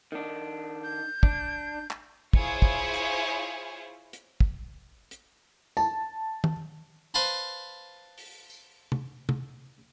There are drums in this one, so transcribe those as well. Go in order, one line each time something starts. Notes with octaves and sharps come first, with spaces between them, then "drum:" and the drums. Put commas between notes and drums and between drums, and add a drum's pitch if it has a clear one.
D#3 D4
G6
D4, drum: kick
drum: clap
E4 F4 G#4 C5 C#5, drum: kick
drum: kick
drum: hi-hat
drum: hi-hat
drum: kick
drum: hi-hat
A5, drum: tambourine
drum: tom D#3
B4 C5 F5 A5 B5
drum: open hi-hat
drum: tambourine
drum: tom C3
drum: tom C3